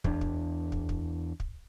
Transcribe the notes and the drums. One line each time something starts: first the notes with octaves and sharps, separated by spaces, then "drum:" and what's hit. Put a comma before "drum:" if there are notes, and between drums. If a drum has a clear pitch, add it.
E2 D4, drum: kick
drum: kick
drum: kick
drum: kick
drum: kick